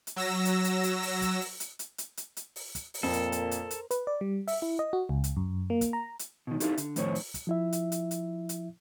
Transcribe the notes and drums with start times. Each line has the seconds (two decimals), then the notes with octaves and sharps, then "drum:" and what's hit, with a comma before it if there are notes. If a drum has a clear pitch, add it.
0.07 drum: hi-hat
0.16 F#3 E6 A#6
0.45 drum: hi-hat
0.64 drum: hi-hat
0.83 drum: hi-hat
1.03 drum: open hi-hat
1.22 drum: kick, hi-hat
1.41 drum: open hi-hat
1.60 drum: hi-hat
1.79 drum: hi-hat
1.98 drum: hi-hat
2.17 drum: hi-hat
2.37 drum: hi-hat
2.56 drum: open hi-hat
2.75 drum: kick, hi-hat
2.94 drum: open hi-hat
3.03 F2 A#2 A4 A#4 C5
3.13 drum: hi-hat
3.32 drum: hi-hat
3.51 drum: hi-hat
3.71 drum: hi-hat
3.91 B4, drum: hi-hat
4.07 D5
4.21 G3
4.48 E5, drum: open hi-hat
4.62 E4
4.79 D#5
4.93 F#4
5.09 C#2
5.24 drum: hi-hat
5.37 F#2
5.70 A#3
5.81 drum: kick, hi-hat
5.93 A#5
6.19 drum: hi-hat
6.47 B2 D#3
6.60 D#4 E4 G4 A4 E5 F5, drum: hi-hat
6.77 D3, drum: hi-hat
6.96 F2 A2 D#3 C5 C#5, drum: hi-hat
7.15 drum: open hi-hat
7.34 drum: kick, hi-hat
7.47 F3 E4 E5
7.72 drum: hi-hat
7.92 drum: hi-hat
8.11 drum: hi-hat
8.49 drum: hi-hat